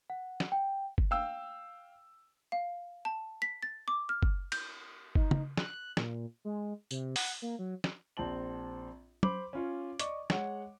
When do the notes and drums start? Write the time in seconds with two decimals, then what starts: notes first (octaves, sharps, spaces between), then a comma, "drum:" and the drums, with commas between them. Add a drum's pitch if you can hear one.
0.10 F#5
0.40 drum: snare
0.52 G5
0.98 drum: kick
1.11 F5 G5 E6
2.52 F5
3.05 A5
3.42 B6
3.63 A6
3.88 D6
4.09 F6
4.23 drum: kick
4.52 G6, drum: cymbal
5.15 D#4, drum: kick
5.31 drum: tom
5.57 F#6, drum: snare
5.97 A#2, drum: snare
6.45 G#3
6.91 C3, drum: tambourine
7.16 F#5, drum: open hi-hat
7.42 A#3
7.59 F#3
7.84 drum: snare
8.17 A#1 C4 A5 F#7
9.23 C5 B5 D6 F#7, drum: tom
9.53 C#4 F4 C#5
9.99 D5 D#5 C#6 D6, drum: hi-hat
10.30 G#3 C#5 F#5, drum: snare